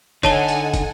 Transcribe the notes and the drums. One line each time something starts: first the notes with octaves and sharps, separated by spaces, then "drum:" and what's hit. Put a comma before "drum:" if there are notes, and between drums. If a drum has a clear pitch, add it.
D3 D#4 A4 C#5 F#5 G#5 A5 G7, drum: kick, hi-hat
drum: hi-hat
drum: kick, hi-hat